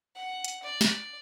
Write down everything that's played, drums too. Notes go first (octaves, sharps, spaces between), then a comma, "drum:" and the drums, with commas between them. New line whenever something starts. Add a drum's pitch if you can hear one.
F#5
drum: hi-hat
D5
drum: snare